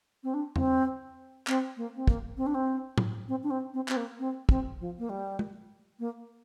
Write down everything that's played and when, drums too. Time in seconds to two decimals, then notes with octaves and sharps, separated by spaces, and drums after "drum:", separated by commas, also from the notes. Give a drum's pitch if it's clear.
0.23 C4
0.33 D4
0.56 C4, drum: tom E2
1.47 C4, drum: clap
1.77 A#3
1.96 C4
2.07 A#3, drum: kick
2.37 C4
2.46 D4
2.54 C4
2.98 drum: tom A2
3.28 C4
3.43 D4
3.50 C4
3.73 C4
3.88 C4, drum: clap
3.96 A#3
4.19 C4
4.49 C4, drum: kick
4.79 F3
4.98 A#3
5.09 G3
5.39 drum: tom G#3
5.99 A#3